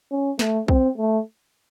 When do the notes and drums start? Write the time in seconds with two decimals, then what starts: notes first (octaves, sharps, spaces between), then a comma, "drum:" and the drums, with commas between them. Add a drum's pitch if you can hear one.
0.11 C#4
0.39 A3, drum: snare
0.68 C4, drum: kick
0.98 A3